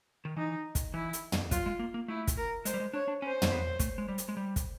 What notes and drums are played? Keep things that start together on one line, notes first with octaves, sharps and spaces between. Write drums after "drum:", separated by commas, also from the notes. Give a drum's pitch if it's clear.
D#3
E3 D#4
drum: kick, hi-hat
E3 E4
drum: hi-hat
drum: tom
F#3 F4, drum: kick, hi-hat
G#3
A#3
A#3
A3 E4
drum: kick, hi-hat
A#4
G#3 C5, drum: hi-hat
G3
G#3
D4 C#5
D4
C#4 C5
drum: tom
B3
A3, drum: kick, hi-hat
G#3
G3
drum: hi-hat
G#3
G3
drum: kick, hi-hat